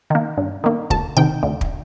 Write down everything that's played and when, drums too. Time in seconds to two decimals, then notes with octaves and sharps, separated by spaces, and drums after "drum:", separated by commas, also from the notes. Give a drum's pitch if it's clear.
0.10 D#3 A#3
0.37 G2
0.64 D#3 A#3
0.90 D2 A5, drum: kick
1.17 C3 D#3 G5
1.43 D2
1.61 drum: kick